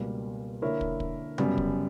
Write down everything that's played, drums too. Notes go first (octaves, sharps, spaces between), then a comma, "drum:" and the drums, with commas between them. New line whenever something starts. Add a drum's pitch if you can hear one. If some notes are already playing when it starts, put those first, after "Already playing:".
Already playing: C#2 B2 G3 A#3
D3 A#3 E4 A#4 C#5
drum: kick
drum: kick
F#2 C#3 G3 B3, drum: tom C3
drum: kick